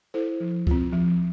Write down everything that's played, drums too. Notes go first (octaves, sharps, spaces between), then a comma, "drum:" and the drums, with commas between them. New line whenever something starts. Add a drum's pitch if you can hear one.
E4 A4 C5
F3
C4 F4, drum: kick C#2
F3